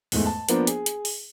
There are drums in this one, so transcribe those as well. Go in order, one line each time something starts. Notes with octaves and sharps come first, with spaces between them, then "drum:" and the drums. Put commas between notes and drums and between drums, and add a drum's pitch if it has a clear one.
E2 G#2 G#3 A3, drum: open hi-hat
A5
F3 A#3 B3 D4 A#4 C5, drum: hi-hat
G#4, drum: hi-hat
drum: hi-hat
drum: open hi-hat